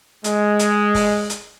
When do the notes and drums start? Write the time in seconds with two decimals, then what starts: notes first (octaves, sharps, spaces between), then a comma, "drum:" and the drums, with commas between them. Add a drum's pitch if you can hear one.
0.24 G#3, drum: hi-hat
0.59 drum: hi-hat
0.94 drum: kick, open hi-hat
1.30 drum: hi-hat